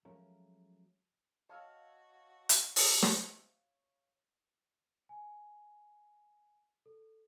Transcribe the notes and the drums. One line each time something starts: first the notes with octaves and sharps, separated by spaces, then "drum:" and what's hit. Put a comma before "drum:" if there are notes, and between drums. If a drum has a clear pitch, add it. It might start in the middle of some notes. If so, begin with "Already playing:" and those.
F3 F#3 G#3 A3 C#4 A#4
F#4 C#5 D#5 F5 A5 E6
drum: hi-hat
drum: open hi-hat
drum: snare
G#5
A4